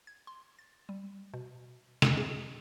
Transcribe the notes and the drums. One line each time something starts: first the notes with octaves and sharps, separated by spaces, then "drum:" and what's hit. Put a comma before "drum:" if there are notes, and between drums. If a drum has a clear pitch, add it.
G#6
C6
A6
G3
B2
F2, drum: snare
G#4